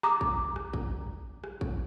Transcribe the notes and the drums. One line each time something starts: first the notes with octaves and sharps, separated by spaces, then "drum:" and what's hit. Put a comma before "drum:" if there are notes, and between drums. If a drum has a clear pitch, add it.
A#5 D6 D#6, drum: rim click
drum: kick
drum: rim click
drum: kick
drum: rim click
drum: kick